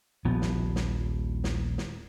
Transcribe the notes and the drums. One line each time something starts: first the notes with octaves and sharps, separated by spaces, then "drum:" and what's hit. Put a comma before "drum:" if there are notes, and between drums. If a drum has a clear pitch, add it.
D#1 A#1 F3 B3
drum: snare
drum: snare
drum: snare
drum: snare